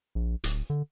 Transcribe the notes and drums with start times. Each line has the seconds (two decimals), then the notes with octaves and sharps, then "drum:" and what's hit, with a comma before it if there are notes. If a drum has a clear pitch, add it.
0.15 A#1
0.44 D1, drum: hi-hat
0.70 D3